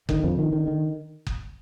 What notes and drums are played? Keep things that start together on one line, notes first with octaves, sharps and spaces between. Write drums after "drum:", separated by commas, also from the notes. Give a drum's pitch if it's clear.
D3 D#3, drum: kick F#1
F2 D3 F3
D3 D#3
D3 D#3
D3 D#3
drum: kick F#1